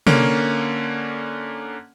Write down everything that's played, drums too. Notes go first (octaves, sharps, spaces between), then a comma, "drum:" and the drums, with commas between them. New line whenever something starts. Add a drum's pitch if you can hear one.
D3 A#3 C#4, drum: tom C3